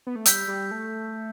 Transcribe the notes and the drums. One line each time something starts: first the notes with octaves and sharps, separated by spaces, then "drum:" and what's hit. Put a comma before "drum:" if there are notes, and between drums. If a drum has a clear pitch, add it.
B3
A3
G3 E6 G6 B6, drum: hi-hat
G3
A3